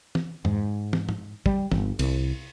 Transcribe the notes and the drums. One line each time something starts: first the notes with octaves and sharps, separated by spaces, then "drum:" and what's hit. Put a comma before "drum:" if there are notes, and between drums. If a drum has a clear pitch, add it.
drum: tom
G#2, drum: tom
drum: tom
drum: tom
G3, drum: kick
G1, drum: tom
C2, drum: cymbal